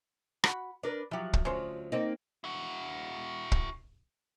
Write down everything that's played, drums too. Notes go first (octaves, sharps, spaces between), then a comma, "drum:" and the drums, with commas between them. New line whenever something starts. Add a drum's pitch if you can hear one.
F#4 B5, drum: rim click
D4 A#4 B4 D5
F3 F#3 E4 G4
drum: kick
D2 F3 F#3 C#4 C5
A#3 C4 D#4
E4 F#4
drum: kick